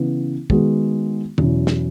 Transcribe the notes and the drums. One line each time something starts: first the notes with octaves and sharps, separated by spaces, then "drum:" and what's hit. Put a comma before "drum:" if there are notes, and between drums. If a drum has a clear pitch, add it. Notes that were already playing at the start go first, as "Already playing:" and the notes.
Already playing: C#3 E3 B3 E4
D#3 G#3 B3 F#4, drum: kick
E2 B2 F#3 C#4 E4, drum: tom D3
drum: snare